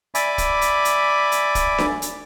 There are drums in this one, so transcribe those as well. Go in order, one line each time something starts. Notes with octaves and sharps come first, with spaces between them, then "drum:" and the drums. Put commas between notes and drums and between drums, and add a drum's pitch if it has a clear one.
D5 E5 G#5 B5 D6, drum: hi-hat
drum: kick, hi-hat
drum: hi-hat
drum: hi-hat
drum: hi-hat
drum: kick, hi-hat
drum: snare D4
drum: hi-hat